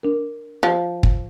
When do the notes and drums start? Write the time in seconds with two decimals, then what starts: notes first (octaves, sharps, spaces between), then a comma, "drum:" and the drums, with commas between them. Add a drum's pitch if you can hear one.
0.03 D4 A#4
0.63 F3
1.03 drum: kick